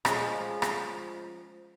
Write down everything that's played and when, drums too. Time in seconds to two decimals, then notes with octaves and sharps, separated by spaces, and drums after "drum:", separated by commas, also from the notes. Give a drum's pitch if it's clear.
0.05 F3 G#3 C#4, drum: rim click
0.62 drum: rim click